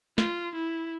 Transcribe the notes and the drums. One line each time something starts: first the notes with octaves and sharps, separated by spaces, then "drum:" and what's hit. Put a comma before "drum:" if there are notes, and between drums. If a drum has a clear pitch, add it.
F4, drum: snare
E4